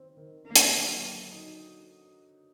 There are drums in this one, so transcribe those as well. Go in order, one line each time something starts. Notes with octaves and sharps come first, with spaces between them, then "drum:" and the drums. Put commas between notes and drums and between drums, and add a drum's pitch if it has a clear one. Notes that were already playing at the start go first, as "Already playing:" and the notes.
Already playing: D#3 C4
D#3
D3 A#3
drum: hi-hat
F#3
F#3
D#4